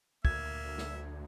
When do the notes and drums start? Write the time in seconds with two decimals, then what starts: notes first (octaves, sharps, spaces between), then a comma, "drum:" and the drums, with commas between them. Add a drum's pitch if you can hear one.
0.25 D2 A#3 E5 G#6, drum: kick
0.78 drum: snare